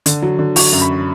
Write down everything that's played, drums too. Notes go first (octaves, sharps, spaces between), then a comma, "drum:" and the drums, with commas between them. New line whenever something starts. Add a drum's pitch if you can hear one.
D3, drum: hi-hat
F#3
D3
F#3 C#6, drum: open hi-hat
F#2
B5